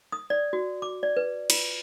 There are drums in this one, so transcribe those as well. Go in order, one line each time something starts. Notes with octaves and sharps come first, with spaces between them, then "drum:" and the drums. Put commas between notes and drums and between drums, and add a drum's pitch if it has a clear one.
D#6
D5
F#4
D6
D5
B4
F4, drum: cymbal